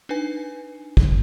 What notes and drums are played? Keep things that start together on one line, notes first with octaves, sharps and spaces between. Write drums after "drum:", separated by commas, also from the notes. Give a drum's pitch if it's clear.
D4 D#4 B4 G#5
drum: kick